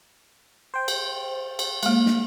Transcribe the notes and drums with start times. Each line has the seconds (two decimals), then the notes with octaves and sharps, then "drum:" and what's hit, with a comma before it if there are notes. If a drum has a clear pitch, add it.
0.74 C5 G5
0.88 drum: cymbal
1.59 drum: cymbal
1.83 G#3 A#3, drum: cymbal
2.06 drum: snare